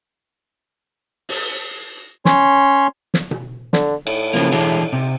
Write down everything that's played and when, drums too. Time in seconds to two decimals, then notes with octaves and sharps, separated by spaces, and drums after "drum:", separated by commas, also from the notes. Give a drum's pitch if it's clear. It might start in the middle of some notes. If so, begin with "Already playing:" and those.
1.29 drum: open hi-hat
2.25 C#4 C#5 C6, drum: snare
3.14 drum: snare
3.31 drum: tom B2
3.73 D3, drum: snare
4.07 A2, drum: cymbal
4.33 C#3 F3 A#3
4.52 E3 D4 G#4, drum: tom B2
4.93 C3